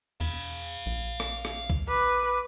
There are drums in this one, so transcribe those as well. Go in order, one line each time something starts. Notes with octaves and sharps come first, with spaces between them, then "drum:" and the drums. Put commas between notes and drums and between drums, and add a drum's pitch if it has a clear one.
E2 F5 B5
A#1
drum: rim click
drum: rim click
drum: kick
B4 D6